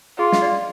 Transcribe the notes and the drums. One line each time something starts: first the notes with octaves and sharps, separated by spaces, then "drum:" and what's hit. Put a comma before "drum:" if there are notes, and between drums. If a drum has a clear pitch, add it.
F4 G#4
D#5, drum: snare
D5